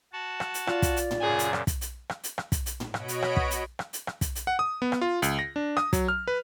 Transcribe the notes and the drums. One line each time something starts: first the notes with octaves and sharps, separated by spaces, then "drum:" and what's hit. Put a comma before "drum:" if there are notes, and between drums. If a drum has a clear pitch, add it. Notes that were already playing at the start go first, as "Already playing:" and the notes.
F#4 A5
drum: rim click
drum: hi-hat
F4 D5 F5, drum: rim click
drum: kick, hi-hat
drum: hi-hat
drum: tom
F#2 A#2 C#3 G#4
drum: hi-hat
drum: rim click
drum: kick, hi-hat
drum: hi-hat
drum: rim click
drum: hi-hat
drum: rim click
drum: kick, hi-hat
drum: hi-hat
drum: tom
B2 F#4 C#5 D#5 B5 D7, drum: rim click
drum: hi-hat
drum: rim click
drum: kick
drum: hi-hat
drum: rim click
drum: hi-hat
drum: rim click
drum: kick, hi-hat
drum: hi-hat
F#5
D#6
B3
drum: rim click
F4
C#2, drum: hi-hat
A#6
D4
D#6, drum: rim click
F#3, drum: kick, hi-hat
F6
B4